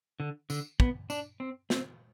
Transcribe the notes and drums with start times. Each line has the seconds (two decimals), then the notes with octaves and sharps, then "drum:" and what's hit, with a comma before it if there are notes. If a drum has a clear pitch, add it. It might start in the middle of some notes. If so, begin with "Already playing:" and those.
0.20 D3
0.50 D3, drum: tambourine
0.80 B3, drum: kick
1.10 D4, drum: tambourine
1.40 C4
1.70 C4, drum: snare